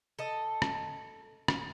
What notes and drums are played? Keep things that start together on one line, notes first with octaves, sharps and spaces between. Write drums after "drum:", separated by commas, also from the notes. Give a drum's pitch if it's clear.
A4 D#5
drum: rim click
drum: rim click